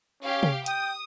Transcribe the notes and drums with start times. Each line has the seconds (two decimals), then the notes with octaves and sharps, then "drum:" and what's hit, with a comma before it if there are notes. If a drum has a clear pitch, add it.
0.23 C#4 G4 F5
0.43 drum: tom C3
0.66 G5 D#6, drum: hi-hat